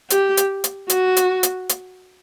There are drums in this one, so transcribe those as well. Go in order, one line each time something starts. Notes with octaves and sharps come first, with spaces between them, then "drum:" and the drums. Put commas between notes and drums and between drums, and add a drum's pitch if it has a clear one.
G4, drum: hi-hat
drum: hi-hat
drum: hi-hat
F#4, drum: hi-hat
drum: hi-hat
drum: hi-hat
drum: hi-hat